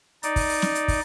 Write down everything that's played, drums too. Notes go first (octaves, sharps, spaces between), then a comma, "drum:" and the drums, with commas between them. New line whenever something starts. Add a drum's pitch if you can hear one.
D#4 D5, drum: hi-hat
drum: kick, open hi-hat
drum: open hi-hat
drum: snare
drum: hi-hat
drum: kick, open hi-hat